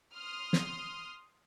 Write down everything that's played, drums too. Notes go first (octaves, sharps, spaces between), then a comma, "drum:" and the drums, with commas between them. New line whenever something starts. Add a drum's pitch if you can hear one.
C6 D#6 F6
drum: snare